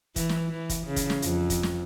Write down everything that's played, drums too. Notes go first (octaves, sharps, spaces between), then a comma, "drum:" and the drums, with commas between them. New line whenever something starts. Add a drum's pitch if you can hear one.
E3, drum: kick, hi-hat
drum: snare
E3
drum: kick, hi-hat
C#3
drum: kick, hi-hat
drum: snare
F2, drum: hi-hat
drum: kick, hi-hat
drum: snare